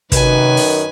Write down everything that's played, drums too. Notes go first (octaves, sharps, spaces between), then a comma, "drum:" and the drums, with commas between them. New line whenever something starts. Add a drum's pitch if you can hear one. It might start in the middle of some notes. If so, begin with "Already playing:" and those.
F#2 C3 D#3 B4 G#5, drum: kick, hi-hat
drum: open hi-hat